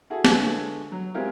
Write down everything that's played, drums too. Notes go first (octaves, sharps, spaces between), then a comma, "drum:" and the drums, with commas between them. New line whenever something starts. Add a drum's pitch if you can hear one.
E4 F#4 G#4 A4
D3 G#3 B3 F4 A4 C#5, drum: snare
F#3
G#3 C4 E4 F4 G4 A#4